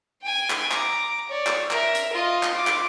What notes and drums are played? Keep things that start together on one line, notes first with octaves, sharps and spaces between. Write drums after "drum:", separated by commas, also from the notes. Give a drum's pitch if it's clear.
G5 G#5
drum: clap
A#5 D6, drum: clap
C#5 D5
drum: clap
A#4 E5, drum: clap
drum: hi-hat
F4 D#5
drum: clap
F4 D6
drum: clap